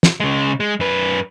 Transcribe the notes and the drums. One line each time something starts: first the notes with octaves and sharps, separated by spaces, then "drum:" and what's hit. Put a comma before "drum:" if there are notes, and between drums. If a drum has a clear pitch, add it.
drum: snare
C#3 G#3
G#3
F#2 B4